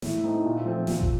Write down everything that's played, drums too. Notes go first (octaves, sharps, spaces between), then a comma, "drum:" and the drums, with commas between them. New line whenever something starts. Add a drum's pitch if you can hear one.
A2, drum: snare
A3 C4 D#4
A#2
F3 A3 C4 F4
A#2, drum: snare
drum: kick